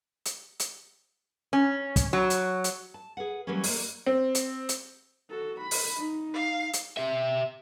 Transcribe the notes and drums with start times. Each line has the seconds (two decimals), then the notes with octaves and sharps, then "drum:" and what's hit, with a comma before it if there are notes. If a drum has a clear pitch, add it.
0.25 drum: hi-hat
0.60 drum: hi-hat
1.53 C#4
1.96 drum: kick, hi-hat
2.13 F#3
2.30 drum: hi-hat
2.64 drum: hi-hat
2.94 A5
3.17 G#4 B4 F#5
3.47 E3 F#3 G3 A#3 C#4
3.64 A#3 D4 C#5, drum: open hi-hat
4.06 C4
4.35 drum: hi-hat
4.69 drum: hi-hat
5.30 F#4 A4
5.60 B5
5.71 drum: open hi-hat
5.97 D#4
6.34 F5
6.73 drum: hi-hat
6.97 G4 E5